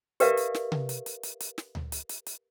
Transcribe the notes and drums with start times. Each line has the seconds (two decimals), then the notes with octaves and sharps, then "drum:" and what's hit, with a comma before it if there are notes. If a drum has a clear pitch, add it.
0.20 G4 A#4 B4 D5 E5 F5, drum: hi-hat
0.37 drum: hi-hat
0.54 drum: snare
0.72 drum: tom C3
0.89 drum: hi-hat
1.06 drum: hi-hat
1.23 drum: hi-hat
1.40 drum: hi-hat
1.58 drum: snare
1.75 drum: tom D2
1.92 drum: hi-hat
2.09 drum: hi-hat
2.26 drum: hi-hat